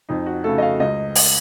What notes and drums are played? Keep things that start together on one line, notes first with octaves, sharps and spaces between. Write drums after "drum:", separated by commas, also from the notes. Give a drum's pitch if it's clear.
F2 D#4
F#4
C#3 A3 A4
D#5
F5
C#2 D#5
drum: open hi-hat